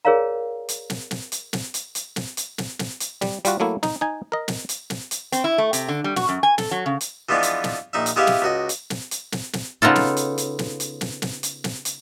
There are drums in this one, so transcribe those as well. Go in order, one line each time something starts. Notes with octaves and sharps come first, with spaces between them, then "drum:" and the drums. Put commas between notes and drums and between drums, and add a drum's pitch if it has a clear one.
G#4 A#4 C#5 D5 F5 A#5
drum: hi-hat
drum: snare
drum: snare
drum: hi-hat
drum: snare
drum: hi-hat
drum: hi-hat
drum: snare
drum: hi-hat
drum: snare
drum: snare
drum: hi-hat
G3, drum: snare
G3 F4 F#4, drum: hi-hat
F#3 A3 A#3 E4
D#4, drum: snare
D#4 G#5
A#4 D#5
drum: snare
drum: hi-hat
drum: snare
drum: hi-hat
C4, drum: hi-hat
E4
A3
C3, drum: hi-hat
D3
G3
F#4, drum: snare
F#2
G#5
A4, drum: snare
F#3
C#3
drum: hi-hat
E3 F3 G#3 B3 D4
drum: hi-hat
drum: snare
A#1 D#4 E5
drum: hi-hat
G#3 B3 E4 G4 E5 F5
drum: snare
C#2 F#4 D#5
drum: hi-hat
drum: snare
drum: hi-hat
drum: snare
drum: snare
C#3 B3 D#4 F4 A4
drum: snare
drum: hi-hat
drum: hi-hat
drum: snare
drum: hi-hat
drum: snare
drum: snare
drum: hi-hat
drum: snare
drum: hi-hat